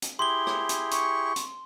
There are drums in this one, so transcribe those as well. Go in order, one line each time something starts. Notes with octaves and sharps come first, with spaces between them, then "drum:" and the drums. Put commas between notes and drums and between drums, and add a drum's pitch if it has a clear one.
drum: hi-hat
E4 G4 G#4 C6 G7
drum: rim click
drum: hi-hat
C#6, drum: hi-hat
drum: hi-hat